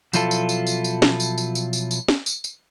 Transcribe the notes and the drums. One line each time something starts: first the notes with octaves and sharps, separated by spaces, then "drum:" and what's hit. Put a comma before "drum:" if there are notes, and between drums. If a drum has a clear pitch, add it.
B2 F3 F#3 E4 F4 A4, drum: tambourine
drum: tambourine
drum: tambourine
drum: tambourine
drum: tambourine
drum: snare
drum: tambourine
drum: tambourine
drum: tambourine
drum: tambourine
drum: tambourine
drum: snare
drum: tambourine
drum: tambourine